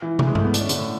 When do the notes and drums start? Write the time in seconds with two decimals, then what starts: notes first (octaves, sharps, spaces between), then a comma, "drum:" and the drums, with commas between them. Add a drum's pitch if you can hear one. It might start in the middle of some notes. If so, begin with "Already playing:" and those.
0.02 E3
0.19 E3, drum: tom
0.27 G#3
0.35 A3, drum: tom G2
0.44 B3
0.54 D4, drum: hi-hat
0.60 C#4
0.69 D3, drum: hi-hat
0.77 A2